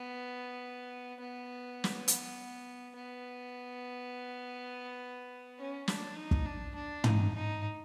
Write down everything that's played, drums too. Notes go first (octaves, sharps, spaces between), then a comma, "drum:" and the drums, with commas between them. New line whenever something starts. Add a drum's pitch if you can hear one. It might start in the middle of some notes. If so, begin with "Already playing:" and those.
Already playing: B3
B3
drum: snare
B3, drum: hi-hat
B3
C#4
D4, drum: snare
D#4
drum: kick
D4
D4
D#4, drum: tom
D#4